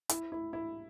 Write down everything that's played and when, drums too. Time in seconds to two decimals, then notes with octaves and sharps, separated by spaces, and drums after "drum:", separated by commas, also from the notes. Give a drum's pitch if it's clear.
0.09 E4, drum: hi-hat
0.32 E4
0.53 E4